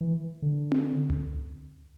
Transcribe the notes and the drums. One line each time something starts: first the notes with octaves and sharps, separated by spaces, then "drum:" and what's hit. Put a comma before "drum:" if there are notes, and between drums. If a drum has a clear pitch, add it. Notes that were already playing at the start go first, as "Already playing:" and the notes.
E3
D3
drum: tom C4
drum: tom C#2